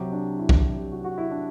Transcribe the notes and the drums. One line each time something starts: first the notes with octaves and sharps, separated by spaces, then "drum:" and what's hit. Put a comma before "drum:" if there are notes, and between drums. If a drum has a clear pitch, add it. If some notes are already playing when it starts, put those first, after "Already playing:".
Already playing: C2 C3 F#3 G4
D4
E4
drum: kick B1
G4
F#4
F#4
E4
D4